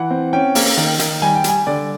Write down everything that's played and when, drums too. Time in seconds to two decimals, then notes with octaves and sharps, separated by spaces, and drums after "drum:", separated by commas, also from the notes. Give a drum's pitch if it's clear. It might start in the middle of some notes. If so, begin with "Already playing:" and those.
Already playing: E3 F#5
0.11 C4
0.33 C#4 G5
0.55 A#3, drum: open hi-hat
0.77 D#3
0.99 D#3, drum: hi-hat
1.22 G3 G#5
1.35 G5
1.44 G3 G#5, drum: hi-hat
1.67 D3 D5